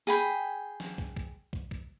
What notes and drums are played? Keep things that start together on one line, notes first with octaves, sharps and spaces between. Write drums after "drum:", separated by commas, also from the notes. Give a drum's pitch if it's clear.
G#4 G5 B5
drum: snare
drum: kick
drum: kick
drum: kick
drum: kick